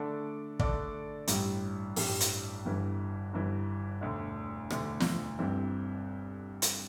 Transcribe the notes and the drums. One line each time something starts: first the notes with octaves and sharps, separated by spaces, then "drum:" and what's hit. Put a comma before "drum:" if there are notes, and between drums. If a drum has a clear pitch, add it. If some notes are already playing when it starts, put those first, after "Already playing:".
Already playing: D3 A3 D4 A4 D5
D3 A3 D4 A4 D5, drum: kick
A1 G2 G3, drum: hi-hat
A1 G2 G3, drum: open hi-hat
drum: hi-hat
G1 G2 E3
G1 G2 E3
E1 D2 D3
E1 D2 D3, drum: rim click
drum: snare
G1 G2 E3 C4
drum: hi-hat